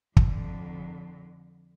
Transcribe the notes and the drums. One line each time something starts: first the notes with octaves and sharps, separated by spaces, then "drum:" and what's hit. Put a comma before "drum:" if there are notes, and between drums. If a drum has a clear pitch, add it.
F2 D3, drum: kick